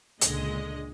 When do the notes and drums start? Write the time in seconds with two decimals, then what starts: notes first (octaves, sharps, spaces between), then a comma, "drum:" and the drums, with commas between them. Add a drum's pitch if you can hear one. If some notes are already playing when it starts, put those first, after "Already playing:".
0.21 C#2 A#2 D3 G#3 D#5, drum: hi-hat